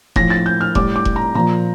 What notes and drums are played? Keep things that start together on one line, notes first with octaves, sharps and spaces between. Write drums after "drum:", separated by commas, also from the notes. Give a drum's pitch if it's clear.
A2 F3 A#6, drum: kick E1
A6
G6
F6
A2 G3 D6, drum: kick E1
D6
drum: kick E1
A#5
A#2 F3 A#5